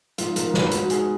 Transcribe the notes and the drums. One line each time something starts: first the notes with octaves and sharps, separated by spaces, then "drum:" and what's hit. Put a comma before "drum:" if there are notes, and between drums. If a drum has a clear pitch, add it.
G#2 F4, drum: hi-hat
G#2 A#4, drum: hi-hat
G#2 B4, drum: snare
G#2 F#4, drum: hi-hat
G#2 G#4, drum: hi-hat